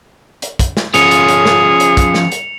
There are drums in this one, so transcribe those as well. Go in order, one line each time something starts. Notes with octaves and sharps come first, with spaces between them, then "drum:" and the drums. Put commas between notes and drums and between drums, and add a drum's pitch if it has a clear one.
drum: hi-hat
drum: kick, hi-hat
drum: snare
F3 C#4 G#4 C#7 F7, drum: hi-hat
drum: hi-hat
drum: hi-hat
drum: snare
drum: hi-hat
drum: kick, hi-hat
drum: snare
drum: hi-hat